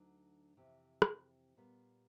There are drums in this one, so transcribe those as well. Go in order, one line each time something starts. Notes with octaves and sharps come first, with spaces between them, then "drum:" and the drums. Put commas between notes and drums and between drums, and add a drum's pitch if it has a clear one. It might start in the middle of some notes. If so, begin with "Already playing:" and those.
Already playing: D2 D3 F#3 D#4
F2 C3 E3
drum: rim click
A#2 G3 B3